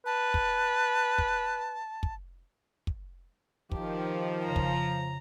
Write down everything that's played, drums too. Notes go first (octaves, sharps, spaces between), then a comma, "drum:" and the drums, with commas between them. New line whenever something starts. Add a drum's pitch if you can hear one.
B4 A5
drum: kick
drum: kick
drum: kick
drum: kick
D#3 F3 G4, drum: kick
F2 C#3 A#5
drum: kick